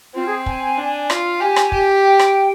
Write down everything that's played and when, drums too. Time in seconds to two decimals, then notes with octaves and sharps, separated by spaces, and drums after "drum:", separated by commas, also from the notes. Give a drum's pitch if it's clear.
0.14 C4 F4
0.25 G#4
0.46 G#5, drum: kick
0.78 D4
1.10 F4, drum: rim click
1.40 G4 G#5
1.56 drum: rim click
1.72 G4, drum: kick
2.03 G5
2.19 drum: rim click